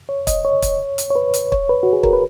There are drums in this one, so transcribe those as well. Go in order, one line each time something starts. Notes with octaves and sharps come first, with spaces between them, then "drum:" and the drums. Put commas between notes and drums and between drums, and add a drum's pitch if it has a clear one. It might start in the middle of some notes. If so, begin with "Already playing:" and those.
C#5
D#5, drum: kick, hi-hat
C#5
drum: kick, hi-hat
drum: hi-hat
C#5
B4
drum: hi-hat
C#5, drum: kick
B4
F#4
G#4
A#4, drum: kick
B4